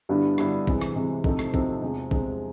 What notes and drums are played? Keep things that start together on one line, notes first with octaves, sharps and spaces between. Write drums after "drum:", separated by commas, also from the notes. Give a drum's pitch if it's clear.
G2 D3 G3 B3 E4
G2 D3 G3 B3 E4, drum: rim click
C3 E3 G#3, drum: kick
drum: rim click
C3 E3 G#3
C3 F3 A3 C4 D#4, drum: kick
drum: rim click
C3 F3 A3 C4 D#4, drum: kick
E2 C3 F3 G#3
E2 C3 F3 G#3, drum: kick